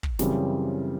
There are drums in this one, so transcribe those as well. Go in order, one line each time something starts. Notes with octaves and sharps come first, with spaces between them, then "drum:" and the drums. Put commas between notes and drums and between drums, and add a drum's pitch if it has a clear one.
drum: kick
F#2 C#3 E3 G3 C4, drum: snare